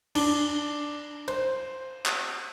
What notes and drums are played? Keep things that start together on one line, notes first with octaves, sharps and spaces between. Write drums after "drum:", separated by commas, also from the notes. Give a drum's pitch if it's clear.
D4, drum: cymbal
C5, drum: cymbal
drum: clap